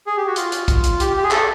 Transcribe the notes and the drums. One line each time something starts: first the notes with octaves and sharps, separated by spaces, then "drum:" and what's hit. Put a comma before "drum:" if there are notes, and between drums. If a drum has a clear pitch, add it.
G#4
G4
F#4
F4, drum: hi-hat
drum: hi-hat
drum: kick, hi-hat
drum: hi-hat
G4, drum: hi-hat
G4
G#4
A4, drum: clap